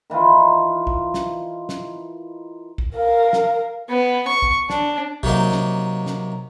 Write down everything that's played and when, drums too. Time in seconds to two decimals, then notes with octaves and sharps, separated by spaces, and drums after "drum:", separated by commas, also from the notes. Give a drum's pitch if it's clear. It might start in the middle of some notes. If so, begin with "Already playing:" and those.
0.10 D#3 E3 E4 F4
0.87 drum: kick
1.14 drum: snare
1.69 drum: snare
2.78 drum: kick
2.95 A#4 F5
3.33 drum: snare
3.89 B3
4.28 C#6
4.42 drum: kick
4.70 D4, drum: snare
5.23 C3 F#3 A#3 D#4, drum: kick
5.52 drum: snare
6.06 drum: snare